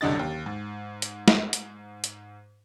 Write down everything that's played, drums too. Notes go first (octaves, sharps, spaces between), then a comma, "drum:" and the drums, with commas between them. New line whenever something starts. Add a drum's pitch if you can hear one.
F#1 C2 D3 D4 D#5 A6
D#2
G#2
drum: hi-hat
drum: snare
drum: hi-hat
drum: hi-hat